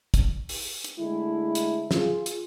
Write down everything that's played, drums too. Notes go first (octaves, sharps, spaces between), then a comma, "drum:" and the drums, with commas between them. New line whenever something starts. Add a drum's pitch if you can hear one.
drum: kick, hi-hat
drum: open hi-hat
drum: hi-hat
D3 G#3 A3 E4
drum: hi-hat
F4 G#4, drum: snare
drum: hi-hat